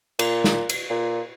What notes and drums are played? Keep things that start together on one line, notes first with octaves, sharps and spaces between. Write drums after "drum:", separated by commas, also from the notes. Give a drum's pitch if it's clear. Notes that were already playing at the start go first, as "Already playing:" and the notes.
A#2, drum: cymbal
drum: snare
drum: cymbal
A#2